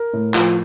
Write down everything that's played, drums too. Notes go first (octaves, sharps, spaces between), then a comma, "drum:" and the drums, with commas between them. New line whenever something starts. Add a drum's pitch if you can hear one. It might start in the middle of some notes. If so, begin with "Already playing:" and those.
Already playing: A#4
A2
F3, drum: clap